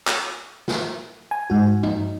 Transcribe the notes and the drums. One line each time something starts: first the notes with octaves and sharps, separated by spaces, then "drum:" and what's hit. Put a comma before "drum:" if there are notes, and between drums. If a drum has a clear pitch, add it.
drum: clap
drum: snare
G#5
G#2 F#4
D#4, drum: tom